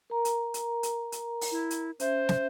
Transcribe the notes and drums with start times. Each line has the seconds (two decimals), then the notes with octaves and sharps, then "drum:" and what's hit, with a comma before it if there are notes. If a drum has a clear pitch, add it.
0.10 A#4 A#5
0.25 drum: hi-hat
0.54 drum: hi-hat
0.83 drum: hi-hat
1.12 drum: hi-hat
1.41 drum: open hi-hat
1.52 E4
1.70 drum: hi-hat
2.00 C#4 C5 E5, drum: hi-hat
2.29 drum: snare